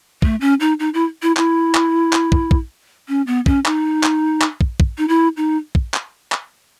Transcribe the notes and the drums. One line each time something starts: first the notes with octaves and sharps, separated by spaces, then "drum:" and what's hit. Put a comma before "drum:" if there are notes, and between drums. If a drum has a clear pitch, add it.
A3, drum: kick
C#4
D#4
D#4
E4
E4
E4, drum: clap
drum: clap
drum: clap
drum: kick
drum: kick
C#4
B3
C#4, drum: kick
D#4, drum: clap
drum: clap
drum: clap
drum: kick
drum: kick
D#4
E4
D#4
drum: kick
drum: clap
drum: clap